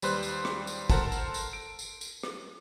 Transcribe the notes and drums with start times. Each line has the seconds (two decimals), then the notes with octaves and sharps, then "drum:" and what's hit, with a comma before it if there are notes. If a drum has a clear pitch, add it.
0.02 D#2 G3 B4 C5 F#6, drum: tambourine
0.23 drum: tambourine
0.45 drum: rim click
0.67 drum: tambourine
0.90 A4 A#4 C5 F#5 A5 A#5, drum: kick, tambourine
1.12 drum: tambourine
1.34 drum: tambourine
1.53 D7
1.79 drum: tambourine
2.01 drum: tambourine
2.23 drum: rim click